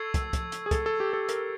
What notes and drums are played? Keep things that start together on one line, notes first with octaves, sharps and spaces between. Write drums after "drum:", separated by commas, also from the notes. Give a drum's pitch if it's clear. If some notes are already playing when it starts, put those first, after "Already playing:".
Already playing: A4 C#6 E6 G#6 C7
drum: kick, hi-hat
drum: kick, hi-hat
drum: hi-hat
G#4
A4, drum: kick, hi-hat
A4
G4
A4
A#4, drum: hi-hat